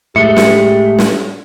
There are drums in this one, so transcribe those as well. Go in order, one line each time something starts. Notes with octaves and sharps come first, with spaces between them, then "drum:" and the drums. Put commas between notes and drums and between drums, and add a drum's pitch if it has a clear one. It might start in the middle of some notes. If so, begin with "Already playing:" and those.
A2 G#3 A3 G4 E5 C#7
drum: snare
drum: snare